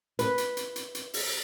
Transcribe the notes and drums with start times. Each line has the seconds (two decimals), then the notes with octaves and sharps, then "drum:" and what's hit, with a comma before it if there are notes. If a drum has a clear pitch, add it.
0.19 B4, drum: hi-hat
0.38 drum: hi-hat
0.57 drum: hi-hat
0.76 drum: hi-hat
0.95 drum: hi-hat
1.14 drum: open hi-hat